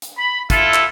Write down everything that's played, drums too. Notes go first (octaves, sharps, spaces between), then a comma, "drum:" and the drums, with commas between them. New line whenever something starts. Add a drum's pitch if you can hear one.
drum: hi-hat
B5
E4 F4 A4, drum: kick, hi-hat
drum: clap